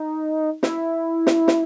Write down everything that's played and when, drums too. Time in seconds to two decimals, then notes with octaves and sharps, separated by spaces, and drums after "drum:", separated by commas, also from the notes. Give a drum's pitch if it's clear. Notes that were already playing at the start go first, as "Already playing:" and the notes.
Already playing: D#4
0.63 E4, drum: snare
1.27 drum: snare
1.48 drum: snare